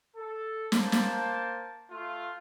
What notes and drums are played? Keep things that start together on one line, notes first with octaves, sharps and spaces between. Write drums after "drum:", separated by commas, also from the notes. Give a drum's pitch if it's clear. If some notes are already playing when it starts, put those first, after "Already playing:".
A4
A#3 C5 A5, drum: snare
drum: snare
A3 F4